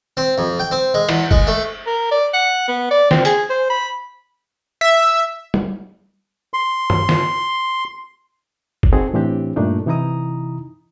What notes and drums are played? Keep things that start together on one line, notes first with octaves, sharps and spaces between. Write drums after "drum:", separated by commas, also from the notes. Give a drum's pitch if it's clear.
C4
F2
G5
C4
G#3
E2, drum: cymbal
G#3, drum: kick F#1
A3
A#4
D5
F#5
B3
D5
C4, drum: snare
G#4, drum: hi-hat
C5
B5
E5
drum: tom G3
C6
drum: tom G2
drum: snare
drum: kick F#1
C4 D#4 F#4 G#4 A4
A2 E3 C4 D4 G4
G2 A#2 A3 A#3 D4 D#4
C3 E3 D#4 E4 A#5 D#6